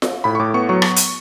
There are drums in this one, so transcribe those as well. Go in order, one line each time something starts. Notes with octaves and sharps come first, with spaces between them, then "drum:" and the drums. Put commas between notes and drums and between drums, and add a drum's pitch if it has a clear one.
drum: snare F4
A2 B5
C#6
A2 D6
B3 C#6
F#3 C#6
drum: rim click
drum: hi-hat